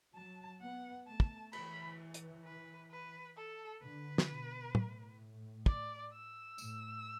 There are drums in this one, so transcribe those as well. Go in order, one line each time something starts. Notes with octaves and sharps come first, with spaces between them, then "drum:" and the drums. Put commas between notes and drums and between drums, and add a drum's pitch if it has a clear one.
F#3 A5
B3 F#5
A3 A5
drum: kick
E3 B5, drum: cymbal
drum: hi-hat
B4
B4
A4
D3 B4
drum: snare
B2
A2, drum: tom
D5, drum: kick
E6
A2, drum: tambourine